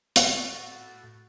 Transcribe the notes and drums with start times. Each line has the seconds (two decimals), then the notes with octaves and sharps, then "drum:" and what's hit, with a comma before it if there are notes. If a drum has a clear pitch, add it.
0.16 A2 F#4, drum: hi-hat